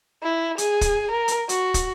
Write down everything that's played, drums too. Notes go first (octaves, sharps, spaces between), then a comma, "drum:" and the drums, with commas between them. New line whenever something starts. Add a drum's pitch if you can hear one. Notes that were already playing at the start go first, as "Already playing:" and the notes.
E4
G#4, drum: hi-hat
drum: kick, hi-hat
A#4
drum: hi-hat
F#4, drum: hi-hat
drum: kick, hi-hat